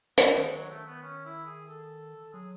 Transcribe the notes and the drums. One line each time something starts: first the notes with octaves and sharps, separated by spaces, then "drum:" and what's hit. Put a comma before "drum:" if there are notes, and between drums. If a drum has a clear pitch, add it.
B3, drum: hi-hat
A3
D#3 G#3
F#3
A3
B3
C#4
E4
G#4
A4
F#3 G#4